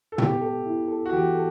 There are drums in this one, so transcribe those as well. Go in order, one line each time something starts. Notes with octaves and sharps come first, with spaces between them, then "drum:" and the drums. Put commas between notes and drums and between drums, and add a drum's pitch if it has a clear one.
A4
B3 G4, drum: tom
A4
E4
A4
F#4
E3 G4
A4